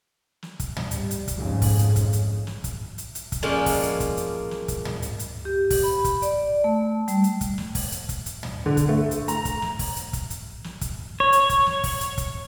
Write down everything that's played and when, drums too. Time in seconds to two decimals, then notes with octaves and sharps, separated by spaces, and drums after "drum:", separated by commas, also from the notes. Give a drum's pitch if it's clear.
0.43 drum: snare
0.60 drum: kick, hi-hat
0.77 drum: tom
0.91 G3, drum: hi-hat
1.11 drum: hi-hat
1.28 drum: kick, hi-hat
1.37 A1 F2 G#2 C#3 F3
1.62 drum: kick, open hi-hat
1.79 drum: hi-hat
1.96 drum: kick, hi-hat
2.13 drum: hi-hat
2.47 drum: snare
2.64 drum: kick, hi-hat
2.98 drum: hi-hat
3.15 drum: hi-hat
3.32 drum: kick, hi-hat
3.43 F3 G#3 A#3 C#4 D5
3.66 drum: kick, open hi-hat
3.83 drum: hi-hat
4.00 drum: kick, hi-hat
4.17 drum: hi-hat
4.51 drum: snare
4.68 drum: kick, hi-hat
4.85 drum: tom
5.02 drum: hi-hat
5.19 drum: hi-hat
5.45 G4
5.70 drum: kick, open hi-hat
5.83 B5
6.05 drum: kick, hi-hat
6.22 D5, drum: hi-hat
6.64 A3
7.08 G3, drum: hi-hat
7.24 drum: hi-hat
7.41 drum: kick, hi-hat
7.58 drum: snare
7.75 drum: kick, open hi-hat
7.92 drum: hi-hat
8.09 drum: kick, hi-hat
8.26 drum: hi-hat
8.43 drum: tom
8.66 D3
8.77 drum: kick, hi-hat
8.89 A3
9.11 drum: hi-hat
9.28 A#5, drum: hi-hat
9.45 drum: kick, hi-hat
9.62 drum: snare
9.79 drum: kick, open hi-hat
9.96 drum: hi-hat
10.13 drum: kick, hi-hat
10.30 drum: hi-hat
10.64 drum: snare
10.81 drum: kick, hi-hat
11.20 C#5
11.32 drum: hi-hat
11.49 drum: kick, hi-hat
11.67 drum: snare
11.84 drum: kick, open hi-hat
12.01 drum: hi-hat
12.18 drum: kick, hi-hat